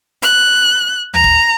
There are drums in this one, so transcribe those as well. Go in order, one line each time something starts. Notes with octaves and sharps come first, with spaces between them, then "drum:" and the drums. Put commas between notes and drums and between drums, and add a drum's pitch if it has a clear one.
F#6, drum: hi-hat
A#5, drum: tom D2
drum: kick